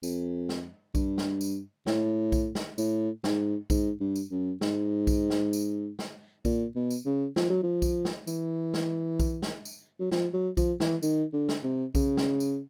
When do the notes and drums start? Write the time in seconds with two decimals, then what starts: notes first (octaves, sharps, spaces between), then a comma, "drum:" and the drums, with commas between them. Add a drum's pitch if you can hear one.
0.03 F2, drum: tambourine
0.49 drum: snare
0.95 G2, drum: kick B1, tambourine
1.18 drum: snare
1.41 drum: tambourine
1.86 A2, drum: snare
2.32 drum: kick B1, tambourine
2.55 drum: snare
2.78 A2, drum: tambourine
3.24 G#2, drum: snare
3.70 G#2, drum: kick B1, tambourine
4.00 G2
4.16 drum: tambourine
4.31 F#2
4.61 G#2, drum: snare
5.07 drum: kick B1, tambourine
5.30 drum: snare
5.53 drum: tambourine
5.99 drum: snare
6.45 A#2, drum: kick B1, tambourine
6.75 B2
6.90 drum: tambourine
7.06 C#3
7.36 F3, drum: snare
7.50 F#3
7.63 F3
7.82 drum: kick B1, tambourine
8.05 drum: snare
8.27 E3, drum: tambourine
8.74 drum: snare
9.20 drum: kick B1, tambourine
9.42 drum: snare
9.65 drum: tambourine
10.00 F#3
10.11 F3, drum: snare
10.34 F#3
10.57 F3, drum: kick B1, tambourine
10.80 E3, drum: snare
11.03 D#3, drum: tambourine
11.33 D3
11.49 drum: snare
11.64 C3
11.95 C#3, drum: kick B1, tambourine
12.17 drum: snare
12.40 drum: tambourine